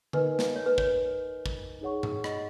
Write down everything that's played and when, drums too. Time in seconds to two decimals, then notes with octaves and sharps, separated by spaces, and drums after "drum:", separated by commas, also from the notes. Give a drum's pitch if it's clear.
0.13 D#4 A#4 B4 D#5 G#5, drum: tom D3
0.39 drum: snare
0.56 C#5
0.66 B4
0.78 C#5, drum: kick
1.46 drum: kick
1.81 D#4 G#4 C#5 F#5 C#6
2.03 drum: tom G2
2.24 D#5, drum: rim click